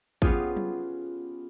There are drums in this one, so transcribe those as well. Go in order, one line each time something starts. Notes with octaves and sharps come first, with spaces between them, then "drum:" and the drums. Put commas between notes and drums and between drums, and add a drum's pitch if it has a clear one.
B3 C#4 F4 G4 G#4, drum: kick
drum: tom F#3